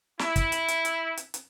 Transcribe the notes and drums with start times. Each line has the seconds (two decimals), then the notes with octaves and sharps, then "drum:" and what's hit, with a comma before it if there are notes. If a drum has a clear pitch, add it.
0.19 E4, drum: snare
0.36 drum: kick, hi-hat
0.52 drum: hi-hat
0.68 drum: hi-hat
0.85 drum: hi-hat
1.17 drum: hi-hat
1.34 drum: hi-hat